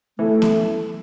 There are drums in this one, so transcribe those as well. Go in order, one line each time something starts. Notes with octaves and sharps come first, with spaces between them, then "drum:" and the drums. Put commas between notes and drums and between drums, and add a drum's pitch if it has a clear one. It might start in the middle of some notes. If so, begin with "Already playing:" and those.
E3 A3
drum: snare B3